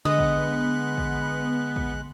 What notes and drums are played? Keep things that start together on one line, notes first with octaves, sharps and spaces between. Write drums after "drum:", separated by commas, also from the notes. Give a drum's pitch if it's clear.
D3 G#3 B3 D#5 F#6
drum: kick
drum: kick
drum: kick